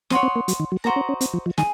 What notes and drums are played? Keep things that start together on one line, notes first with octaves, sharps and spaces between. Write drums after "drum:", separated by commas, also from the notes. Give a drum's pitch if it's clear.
C4 C#5 F#5 C6 D#6, drum: snare
C4
A#3
F#3, drum: hi-hat
D#3
F#3
A#3 F#4 C5 D#5 A#5
C#4
C#4
C4, drum: hi-hat
F3
F3
D#3 G#4, drum: snare